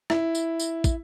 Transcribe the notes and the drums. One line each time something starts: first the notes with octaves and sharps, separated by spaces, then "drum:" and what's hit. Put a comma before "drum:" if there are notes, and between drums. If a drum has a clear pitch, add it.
E4, drum: rim click
drum: tambourine
drum: tambourine
drum: kick, tambourine